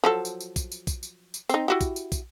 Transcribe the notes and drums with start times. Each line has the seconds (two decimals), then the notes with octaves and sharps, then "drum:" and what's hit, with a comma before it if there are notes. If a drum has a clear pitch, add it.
0.04 F3 F#3 A4
0.25 drum: tambourine
0.40 drum: tambourine
0.56 drum: kick, tambourine
0.72 drum: tambourine
0.87 drum: kick, tambourine
1.03 drum: tambourine
1.34 drum: tambourine
1.49 C4 D#4, drum: tambourine
1.68 E4 F#4 G4
1.81 drum: kick, tambourine
1.96 drum: tambourine
2.12 drum: kick, tambourine